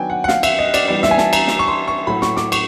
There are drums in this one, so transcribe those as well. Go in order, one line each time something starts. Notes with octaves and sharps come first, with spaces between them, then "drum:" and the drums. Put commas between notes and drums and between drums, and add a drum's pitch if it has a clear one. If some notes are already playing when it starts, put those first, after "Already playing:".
Already playing: D#3 F#3 B3 D4 G5 G#5
F#5
F#5
F5, drum: snare
E5, drum: cymbal
D#5
D5, drum: cymbal
E3 G3 B3 D#4 D5
E5, drum: snare
G#5
A5, drum: snare
A#5, drum: cymbal
drum: snare
C#6
C6
C#6
A2 F#3 A3 B5
C#6, drum: snare
D6, drum: snare
C#6, drum: cymbal